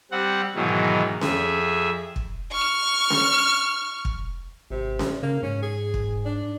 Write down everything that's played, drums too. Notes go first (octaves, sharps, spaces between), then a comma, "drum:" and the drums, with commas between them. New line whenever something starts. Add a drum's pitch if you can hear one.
G3 C4 F#5
G#2 B2 D#3 E3 F#3
F2 G#4 E5, drum: snare C#4
drum: kick
C#6 F6
drum: snare C#4
drum: kick
G#1 C3
drum: snare C#4
C#3 A#3
G#2 C#4
G#4
drum: kick
D4